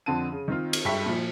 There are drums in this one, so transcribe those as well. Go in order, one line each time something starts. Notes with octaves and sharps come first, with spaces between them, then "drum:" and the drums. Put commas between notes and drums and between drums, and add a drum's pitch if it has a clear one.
F2 D3 C4 A5 D#7
C#3
D#3 C4 F4
drum: cymbal
G2 G#3 E5 G5 C#6 B6
A#2 F3